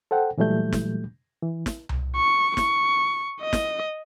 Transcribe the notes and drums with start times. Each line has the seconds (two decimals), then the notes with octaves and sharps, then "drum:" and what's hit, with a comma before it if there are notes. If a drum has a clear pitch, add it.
0.11 A4 C5 F#5 G5
0.38 A#2 E3 F#3 G3 A3 G6
0.73 drum: snare
1.43 E3
1.66 drum: snare
1.89 drum: tom C2
2.15 C#6
2.57 C#6, drum: snare
3.41 D#5
3.53 drum: snare